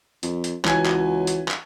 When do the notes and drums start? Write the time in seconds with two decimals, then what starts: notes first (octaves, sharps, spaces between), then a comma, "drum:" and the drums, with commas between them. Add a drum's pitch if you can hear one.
0.23 F2, drum: hi-hat
0.44 drum: hi-hat
0.65 C#2 E3 C#4 F#4 G#5 G#6, drum: clap
0.86 drum: clap
1.27 drum: hi-hat
1.48 drum: clap